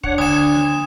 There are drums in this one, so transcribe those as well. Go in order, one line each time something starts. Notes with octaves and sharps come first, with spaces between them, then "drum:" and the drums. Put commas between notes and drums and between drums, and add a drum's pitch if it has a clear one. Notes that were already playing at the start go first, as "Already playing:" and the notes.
D4 C#5 F#5, drum: kick
D2 D#6 G#6 E7
drum: snare